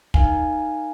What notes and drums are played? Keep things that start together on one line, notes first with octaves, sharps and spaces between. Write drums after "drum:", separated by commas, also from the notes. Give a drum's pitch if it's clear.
D#4 A#4 F5 G#5, drum: kick